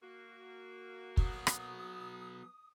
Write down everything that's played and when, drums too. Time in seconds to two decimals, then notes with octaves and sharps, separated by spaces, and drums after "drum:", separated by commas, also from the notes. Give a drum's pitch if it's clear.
0.02 A#3 F#4
1.17 F#3 B3 D#6, drum: kick
1.47 drum: rim click